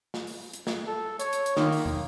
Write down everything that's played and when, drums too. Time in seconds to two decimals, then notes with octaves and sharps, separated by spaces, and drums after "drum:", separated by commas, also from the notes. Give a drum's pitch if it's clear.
0.14 drum: snare
0.27 drum: open hi-hat
0.54 drum: hi-hat
0.67 drum: snare
0.87 A4
1.20 C#5, drum: hi-hat
1.33 drum: hi-hat
1.46 drum: hi-hat
1.57 D#3 A#3, drum: snare
1.72 drum: open hi-hat
1.86 drum: tom